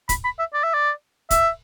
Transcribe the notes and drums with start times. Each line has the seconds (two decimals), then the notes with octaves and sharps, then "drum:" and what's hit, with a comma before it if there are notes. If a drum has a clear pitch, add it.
0.09 B5, drum: kick, hi-hat
0.24 B5
0.39 E5
0.54 D5
0.64 E5
0.74 D5
1.31 E5, drum: kick, hi-hat